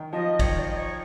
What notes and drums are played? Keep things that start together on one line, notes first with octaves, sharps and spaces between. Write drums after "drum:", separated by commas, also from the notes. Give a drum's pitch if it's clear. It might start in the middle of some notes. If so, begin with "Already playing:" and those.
Already playing: D#3
F3 D#5
D#3 C#5, drum: kick, cymbal
D#5
C#5